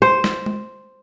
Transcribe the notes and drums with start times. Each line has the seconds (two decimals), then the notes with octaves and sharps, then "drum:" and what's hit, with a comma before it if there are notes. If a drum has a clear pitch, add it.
0.02 C5
0.24 drum: snare
0.46 drum: tom